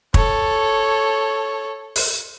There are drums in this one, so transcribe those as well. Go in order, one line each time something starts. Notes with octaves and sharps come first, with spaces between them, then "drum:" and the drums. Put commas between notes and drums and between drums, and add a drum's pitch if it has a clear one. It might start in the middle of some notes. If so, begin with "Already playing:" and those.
A4 C#5, drum: kick
drum: open hi-hat